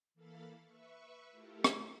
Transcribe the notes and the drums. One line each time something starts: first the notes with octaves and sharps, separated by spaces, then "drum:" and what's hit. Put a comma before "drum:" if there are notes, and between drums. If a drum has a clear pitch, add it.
E3 A#3 A4 F5 B5 A6
B4 E5 C#6
A3 E4 F4 G4 A4 A#4
drum: rim click